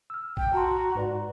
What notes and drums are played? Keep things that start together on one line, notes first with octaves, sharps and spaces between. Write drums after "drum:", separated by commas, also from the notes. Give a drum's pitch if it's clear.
E6 F6
G5, drum: kick
F#4 A5 A#5 C6
A#5
G#2 B4 D5